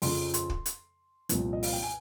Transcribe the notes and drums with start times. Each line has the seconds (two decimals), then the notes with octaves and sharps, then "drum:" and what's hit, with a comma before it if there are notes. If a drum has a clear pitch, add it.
0.02 F2 C#3 F3 C6, drum: open hi-hat
0.34 C6, drum: hi-hat
0.50 drum: kick
0.66 drum: hi-hat
1.29 C2 A#2 F3, drum: hi-hat
1.53 D#5
1.63 F5, drum: open hi-hat
1.73 G5
1.83 G#5